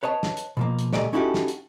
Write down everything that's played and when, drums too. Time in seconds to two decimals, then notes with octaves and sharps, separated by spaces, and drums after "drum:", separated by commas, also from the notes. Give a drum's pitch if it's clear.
0.03 B4 C#5 D#5 A5
0.23 drum: snare
0.37 drum: hi-hat
0.57 B2 F3 A#3
0.79 drum: hi-hat
0.93 C#2 A#2 A3 G4 D5 D#5, drum: snare
1.13 C#4 D#4 E4 F#4 G4 A4
1.34 drum: snare
1.48 drum: hi-hat